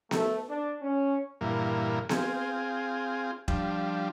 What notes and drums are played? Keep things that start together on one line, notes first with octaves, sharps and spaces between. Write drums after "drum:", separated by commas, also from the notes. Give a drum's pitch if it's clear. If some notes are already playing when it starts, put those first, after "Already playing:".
A3, drum: snare B3
D4
C#4
G2 A#2 E3 A#3
C4 F4 G#4, drum: snare B3
F3 G3 D4, drum: kick E1